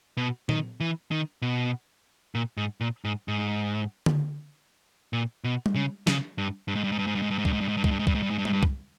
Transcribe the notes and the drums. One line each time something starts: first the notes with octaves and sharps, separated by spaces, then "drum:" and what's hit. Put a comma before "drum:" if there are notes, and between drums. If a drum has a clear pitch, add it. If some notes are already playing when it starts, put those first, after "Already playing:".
B2
D#3, drum: tom A#2
E3
D#3
B2
A#2
G#2
A#2
G#2
G#2
drum: tom D3
A#2
B2
drum: tom G3
C#3
C#3, drum: snare
G2
G2
G#2
G2
G#2
G2
G#2
G2
G#2
G2
G#2
G2, drum: kick
G#2
G2
G#2
G2
G#2, drum: kick
G2
G#2
G2, drum: kick
G#2
G2
G#2
G2
G#2, drum: tom G3
G2
drum: kick